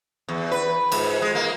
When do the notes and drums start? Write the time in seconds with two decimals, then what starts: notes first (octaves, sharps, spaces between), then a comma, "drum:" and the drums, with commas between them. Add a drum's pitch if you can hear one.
0.28 E2
0.52 B4
0.92 G#2, drum: cymbal
1.22 G#3
1.35 A#3